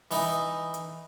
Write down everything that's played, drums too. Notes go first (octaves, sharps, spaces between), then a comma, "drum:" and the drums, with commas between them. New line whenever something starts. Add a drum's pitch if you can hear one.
E3 D#4, drum: open hi-hat
drum: hi-hat